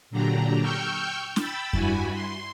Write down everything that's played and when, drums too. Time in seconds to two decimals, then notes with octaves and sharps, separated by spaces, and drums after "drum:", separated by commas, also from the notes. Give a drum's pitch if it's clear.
0.10 A#2 D3 F#3 D4 G4 A#5
0.61 G5 C#6 E6 F6 G6
1.36 G5 B5 E6 A6, drum: snare
1.73 G2 G3 E4 F#4 G#5 B5, drum: kick F2
2.13 C6